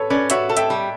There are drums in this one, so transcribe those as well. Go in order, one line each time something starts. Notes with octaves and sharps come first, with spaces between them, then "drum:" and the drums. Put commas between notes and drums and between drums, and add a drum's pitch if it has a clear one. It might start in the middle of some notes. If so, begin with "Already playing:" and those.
Already playing: A4 B4 C#5
C#4 B4 D5
F#4 C#5 E5, drum: hi-hat
A4
E5 G5, drum: hi-hat
G3